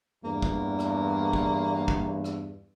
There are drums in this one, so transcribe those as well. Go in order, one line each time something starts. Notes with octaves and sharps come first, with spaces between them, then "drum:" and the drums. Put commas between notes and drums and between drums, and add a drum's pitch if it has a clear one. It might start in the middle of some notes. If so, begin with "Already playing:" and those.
E2 G2 A#3
drum: kick
drum: rim click
drum: kick
drum: kick
drum: rim click